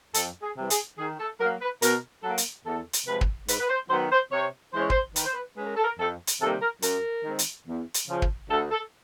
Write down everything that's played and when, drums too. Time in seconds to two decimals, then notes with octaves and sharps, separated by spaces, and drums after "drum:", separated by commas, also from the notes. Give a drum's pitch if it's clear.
0.14 F2 A4, drum: hi-hat
0.42 G#4
0.57 C3 E3 G3
0.70 G#4, drum: hi-hat
0.98 D#3 G#4
1.20 A4
1.40 F#3 A#3 A#4
1.61 B4
1.82 B2 A#4, drum: hi-hat
2.23 F#3 A#3 A4
2.38 drum: hi-hat
2.66 E2 A4
2.93 drum: hi-hat
3.07 C3 F3 G#3 B4
3.21 drum: kick
3.48 G#2 B4, drum: hi-hat
3.60 B4
3.69 C5
3.90 D#3 F#3 B3 C5
4.12 C5
4.32 C3 C#5
4.74 E3 G#3 C#4 C5
4.82 C#5
4.90 C5, drum: kick
5.16 D#3 B4, drum: hi-hat
5.25 C5
5.34 B4
5.57 G#3 C#4 B4
5.66 A#4
5.76 A4
5.84 A#4
5.99 F2 A4
6.27 drum: hi-hat
6.41 C3 D#3 G3 A#3 A4
6.62 A#4
6.82 F#2 A#4, drum: hi-hat
7.25 D#3 G#3 C4
7.39 drum: hi-hat
7.67 E2
7.94 drum: hi-hat
8.09 C#3 F3
8.22 drum: kick
8.49 D2 A4
8.71 A4